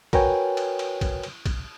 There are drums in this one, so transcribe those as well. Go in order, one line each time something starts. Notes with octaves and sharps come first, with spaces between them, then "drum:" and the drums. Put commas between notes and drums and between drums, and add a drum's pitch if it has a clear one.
F#4 A#4 B4 C#5 G5 G#5, drum: kick, cymbal
drum: cymbal
drum: cymbal
drum: kick, cymbal
drum: cymbal
drum: kick, cymbal